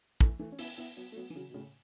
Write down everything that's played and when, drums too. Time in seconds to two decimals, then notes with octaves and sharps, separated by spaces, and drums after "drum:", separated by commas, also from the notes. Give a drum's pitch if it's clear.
0.21 E3 A3, drum: kick
0.39 E3 A3
0.52 C#4
0.59 B3 E4, drum: open hi-hat
0.78 B3 E4
0.97 F#3 B3
1.12 A3
1.16 F#3 B3
1.30 E3, drum: tambourine
1.35 C#3 F#3
1.50 B2
1.54 A2 C#3